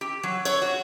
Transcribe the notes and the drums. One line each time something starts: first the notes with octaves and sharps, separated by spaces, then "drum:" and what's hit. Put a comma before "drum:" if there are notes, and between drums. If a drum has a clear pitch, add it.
G4
F#3
C#5, drum: cymbal
F#4